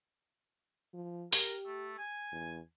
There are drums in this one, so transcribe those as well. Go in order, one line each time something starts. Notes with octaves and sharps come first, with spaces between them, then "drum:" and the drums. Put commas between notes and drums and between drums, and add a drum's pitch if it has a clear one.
F3
G4 A#4, drum: open hi-hat
A3
G#5
E2